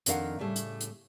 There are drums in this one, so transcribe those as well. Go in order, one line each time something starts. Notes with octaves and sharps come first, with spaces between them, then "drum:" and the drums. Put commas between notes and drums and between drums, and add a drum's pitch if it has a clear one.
F2 D#3 D4 A#4 F5 F#5, drum: hi-hat
A2 C#3 G3 A3
drum: hi-hat
drum: hi-hat